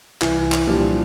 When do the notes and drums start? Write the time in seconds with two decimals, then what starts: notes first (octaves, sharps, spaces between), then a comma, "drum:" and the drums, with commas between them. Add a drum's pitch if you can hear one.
0.21 C2 E3, drum: clap
0.52 drum: clap
0.67 A#2 F3 G3 D4